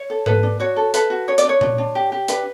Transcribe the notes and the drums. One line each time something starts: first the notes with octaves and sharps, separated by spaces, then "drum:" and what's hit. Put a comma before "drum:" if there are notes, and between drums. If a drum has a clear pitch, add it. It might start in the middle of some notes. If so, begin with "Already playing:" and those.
Already playing: C#5
A4
A4 B4, drum: tom G#2
D4
F#4 C#5
A4
A4 B4, drum: hi-hat
F#4
D4 C#5
D5, drum: hi-hat
D4 C#5
D4, drum: tom A#2
D4
G4
G4
D4 B4, drum: hi-hat